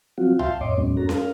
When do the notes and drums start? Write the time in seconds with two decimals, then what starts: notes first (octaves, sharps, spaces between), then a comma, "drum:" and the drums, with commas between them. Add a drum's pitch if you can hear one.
0.18 F3 F#3 C4 F4 F#4
0.39 E5 F5 G5 A5 C6, drum: tom C2
0.61 F2 A2 C#5 D#5 C6 D6
0.77 D#2 A2 F#3 G#3 B3 C#4
0.97 F2 C#4 F#4 A4 A#5
1.09 A#4 F5, drum: snare C#4